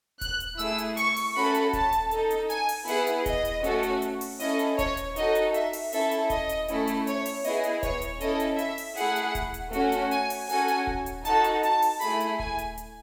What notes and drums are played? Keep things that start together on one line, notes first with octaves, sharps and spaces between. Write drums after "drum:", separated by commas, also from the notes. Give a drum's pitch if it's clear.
F#6, drum: kick D#1, hi-hat
drum: hi-hat
A3 E4 G#4 E6, drum: hi-hat
drum: hi-hat
C#6, drum: hi-hat
drum: open hi-hat
A3 C#4 F#4 A4 B5
drum: hi-hat
A5, drum: kick D#1, hi-hat
drum: hi-hat
D#4 A4, drum: hi-hat
drum: hi-hat
G#5, drum: hi-hat
drum: open hi-hat
B3 E4 G#4 F#5, drum: hi-hat
drum: hi-hat
D#5, drum: kick D#1, hi-hat
drum: hi-hat
A3 C#4 F#4 A4, drum: hi-hat
drum: hi-hat
drum: hi-hat
drum: open hi-hat
C#4 E4 A4 D#5, drum: hi-hat
drum: hi-hat
C#5, drum: kick D#1, hi-hat
drum: hi-hat
D#4 F#4 A4 D#5, drum: hi-hat
drum: hi-hat
E5, drum: hi-hat
drum: open hi-hat
C#4 E4 A4 E5, drum: hi-hat
drum: hi-hat
D#5, drum: kick D#1, hi-hat
drum: hi-hat
A3 C#4 E4, drum: hi-hat
drum: hi-hat
C#5, drum: hi-hat
drum: open hi-hat
B3 E4 G#4 D#5, drum: hi-hat
drum: hi-hat
C#5, drum: kick D#1, hi-hat
drum: hi-hat
C#4 E4 A4 D#5, drum: hi-hat
drum: hi-hat
E5, drum: hi-hat
drum: open hi-hat
A3 E4 G#4 F#5, drum: hi-hat
drum: hi-hat
drum: kick D#1, hi-hat
drum: hi-hat
A3 C#4 F#4, drum: hi-hat
drum: hi-hat
G#5, drum: hi-hat
drum: open hi-hat
C#4 F#4 A4 G#5, drum: hi-hat
drum: hi-hat
drum: kick D#1
drum: hi-hat
D#4 F#4 A4 A5, drum: hi-hat
drum: hi-hat
A5, drum: hi-hat
drum: open hi-hat
A3 E4 G#4 B5, drum: hi-hat
drum: hi-hat
G#5, drum: kick D#1
drum: hi-hat
drum: hi-hat